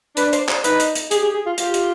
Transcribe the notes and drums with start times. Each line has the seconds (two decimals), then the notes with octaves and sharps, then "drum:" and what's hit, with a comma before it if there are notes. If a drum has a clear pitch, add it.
0.17 D4 B4, drum: hi-hat
0.33 C5, drum: hi-hat
0.49 C5, drum: clap
0.64 D#4 B4, drum: hi-hat
0.80 drum: hi-hat
0.95 drum: hi-hat
1.11 G4 G#4, drum: hi-hat
1.23 G#4
1.34 G#4
1.46 F4
1.58 F4 G4, drum: hi-hat
1.74 drum: hi-hat